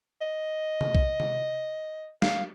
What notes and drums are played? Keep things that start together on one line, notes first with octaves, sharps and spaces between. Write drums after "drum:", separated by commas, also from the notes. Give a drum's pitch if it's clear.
D#5
drum: tom C3
drum: kick B1
drum: tom C3
F5, drum: snare